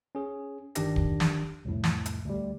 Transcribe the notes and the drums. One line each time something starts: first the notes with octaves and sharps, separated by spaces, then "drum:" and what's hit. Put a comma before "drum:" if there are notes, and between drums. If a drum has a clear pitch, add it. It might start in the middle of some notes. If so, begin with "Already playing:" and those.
C#4 G#4
G1 D#3 D4 G4 A#6, drum: hi-hat
drum: kick
drum: snare
C2 F2 A2
drum: snare
drum: hi-hat
D2 G3